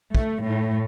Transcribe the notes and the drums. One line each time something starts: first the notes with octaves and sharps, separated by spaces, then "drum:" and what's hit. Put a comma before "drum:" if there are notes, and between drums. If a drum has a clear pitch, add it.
A3, drum: kick
A2